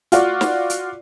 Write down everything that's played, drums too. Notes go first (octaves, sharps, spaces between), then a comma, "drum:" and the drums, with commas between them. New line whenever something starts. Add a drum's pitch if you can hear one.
F4 F#4 D5, drum: hi-hat
drum: snare
drum: hi-hat